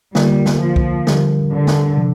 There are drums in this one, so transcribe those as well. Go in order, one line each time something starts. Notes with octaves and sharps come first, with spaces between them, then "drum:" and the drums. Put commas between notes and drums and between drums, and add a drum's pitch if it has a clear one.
D3 G3 A#3 F4 A#4, drum: snare
drum: snare
F3
drum: kick
D3 G3 D4 G4 A#4, drum: snare
D3
drum: snare
C3 F3